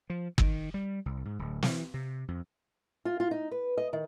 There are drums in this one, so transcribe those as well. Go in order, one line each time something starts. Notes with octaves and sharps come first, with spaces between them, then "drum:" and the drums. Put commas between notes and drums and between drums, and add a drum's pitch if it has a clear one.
F3
D#3, drum: kick G1
G3
C2
G#2
D1
E3, drum: snare
C3
F2
F4
F4
D#4
B4
D#5
D#3